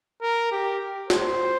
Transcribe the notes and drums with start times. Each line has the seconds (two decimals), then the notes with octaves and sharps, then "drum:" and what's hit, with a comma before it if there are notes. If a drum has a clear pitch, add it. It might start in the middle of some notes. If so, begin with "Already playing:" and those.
0.21 A#4
0.52 G4
1.10 C5, drum: snare